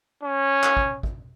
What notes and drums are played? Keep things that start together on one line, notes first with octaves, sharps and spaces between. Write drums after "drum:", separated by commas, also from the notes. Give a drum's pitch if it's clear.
C#4
drum: clap
drum: kick
drum: kick